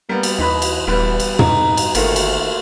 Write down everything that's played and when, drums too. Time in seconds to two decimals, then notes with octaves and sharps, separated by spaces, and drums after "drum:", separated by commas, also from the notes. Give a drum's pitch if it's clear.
0.09 G3 A#3 B3
0.23 drum: cymbal
0.39 D#2 E3 D#4 B4 B5
0.62 drum: cymbal
0.87 D#1 G3 B3 B4
1.20 drum: cymbal
1.39 F2 D#4, drum: tom
1.77 drum: cymbal
1.95 G1 D#3 A3 A#3 F4, drum: cymbal
2.16 drum: cymbal